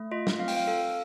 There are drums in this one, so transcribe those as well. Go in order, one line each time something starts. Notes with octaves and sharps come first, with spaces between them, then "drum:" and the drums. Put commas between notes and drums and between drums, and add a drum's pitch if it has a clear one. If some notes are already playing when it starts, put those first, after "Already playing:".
Already playing: A3
F4 D#5
drum: snare
C4 F5
G5, drum: open hi-hat
F5
A4